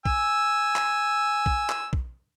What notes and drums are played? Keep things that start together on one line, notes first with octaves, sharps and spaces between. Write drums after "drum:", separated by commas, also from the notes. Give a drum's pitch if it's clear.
G#5 E6, drum: kick
drum: clap
drum: kick
drum: clap
drum: kick